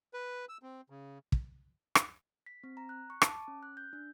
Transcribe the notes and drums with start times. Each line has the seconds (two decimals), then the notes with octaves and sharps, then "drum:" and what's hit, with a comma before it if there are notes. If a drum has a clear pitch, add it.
0.14 B4
0.49 E6
0.63 C4
0.90 C#3
1.32 drum: kick
1.95 drum: rim click
2.46 B6
2.64 C4
2.77 A#5
2.89 F#6
3.10 C#6
3.22 A5, drum: rim click
3.33 D6
3.48 C#4
3.63 F#6
3.77 G6
3.93 D4